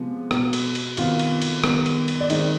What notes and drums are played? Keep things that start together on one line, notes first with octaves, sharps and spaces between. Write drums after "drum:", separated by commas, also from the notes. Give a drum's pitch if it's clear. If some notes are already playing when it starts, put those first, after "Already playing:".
Already playing: C3 F3 G#3 B3
B2 B3, drum: rim click
drum: cymbal
drum: cymbal
C3 D#3 B3 F4 F5, drum: cymbal
drum: cymbal
drum: cymbal
D#3 G3 B3, drum: rim click
drum: cymbal
drum: cymbal
D5
D#3 G#3 C4 D#4 D#5, drum: cymbal